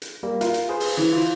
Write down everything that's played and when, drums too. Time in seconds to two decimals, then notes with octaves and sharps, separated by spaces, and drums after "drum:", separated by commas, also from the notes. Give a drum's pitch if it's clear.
0.02 drum: hi-hat
0.23 G3 A#3
0.41 F4 A#4, drum: hi-hat
0.54 drum: hi-hat
0.69 G#4 B4 C5
0.80 drum: open hi-hat
0.97 E3
1.12 F4 C5